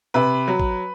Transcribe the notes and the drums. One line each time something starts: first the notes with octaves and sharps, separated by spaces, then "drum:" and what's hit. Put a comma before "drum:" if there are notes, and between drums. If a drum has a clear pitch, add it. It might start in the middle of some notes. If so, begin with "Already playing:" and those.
C3 B4 B5
F#3
drum: kick